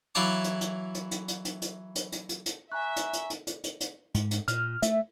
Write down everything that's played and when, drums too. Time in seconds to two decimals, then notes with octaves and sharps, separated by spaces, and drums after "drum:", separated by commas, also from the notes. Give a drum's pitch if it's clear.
0.15 E3 F#3 E4 F5 A5 D6
0.44 drum: hi-hat
0.61 drum: hi-hat
0.94 drum: hi-hat
1.11 drum: hi-hat
1.28 drum: hi-hat
1.45 drum: hi-hat
1.62 drum: hi-hat
1.95 drum: hi-hat
2.12 drum: hi-hat
2.29 drum: hi-hat
2.46 drum: hi-hat
2.72 E5 G#5 A#5 C#6 F#6
2.96 drum: hi-hat
3.13 drum: hi-hat
3.30 drum: hi-hat
3.47 drum: hi-hat
3.64 drum: hi-hat
3.80 drum: hi-hat
4.14 G#2, drum: hi-hat
4.31 drum: hi-hat
4.48 A#2 F6, drum: hi-hat
4.82 A3 E5, drum: hi-hat